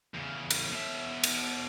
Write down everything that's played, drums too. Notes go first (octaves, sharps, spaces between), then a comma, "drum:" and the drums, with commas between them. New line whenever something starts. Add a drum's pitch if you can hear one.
E2 C#3
drum: cymbal
B2 E5
drum: cymbal